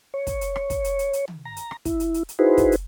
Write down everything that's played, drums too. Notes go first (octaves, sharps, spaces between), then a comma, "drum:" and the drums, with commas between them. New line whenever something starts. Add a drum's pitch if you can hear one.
C#5
drum: kick, hi-hat
drum: hi-hat
drum: rim click
drum: kick, hi-hat
drum: hi-hat
drum: hi-hat
drum: hi-hat
drum: tom
A#5
drum: hi-hat
drum: rim click
E4, drum: kick, hi-hat
drum: hi-hat
drum: hi-hat
drum: hi-hat
D#4 E4 F#4 G#4 B4 C5
drum: kick, hi-hat
drum: hi-hat